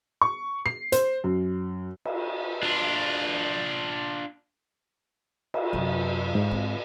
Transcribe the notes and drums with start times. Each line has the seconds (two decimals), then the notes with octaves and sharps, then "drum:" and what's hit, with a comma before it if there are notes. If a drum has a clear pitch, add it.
0.21 C#6
0.66 C7
0.92 C5, drum: hi-hat
1.24 F#2
2.05 drum: cymbal
2.63 D4 F4
5.54 drum: cymbal
5.73 F#2 C3
6.35 G#2
6.51 C4